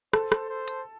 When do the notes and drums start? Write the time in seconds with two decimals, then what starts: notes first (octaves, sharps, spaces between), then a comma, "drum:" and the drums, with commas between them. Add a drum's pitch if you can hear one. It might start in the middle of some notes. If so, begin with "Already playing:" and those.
0.13 A4 C5, drum: rim click
0.32 drum: rim click
0.49 C5
0.68 drum: hi-hat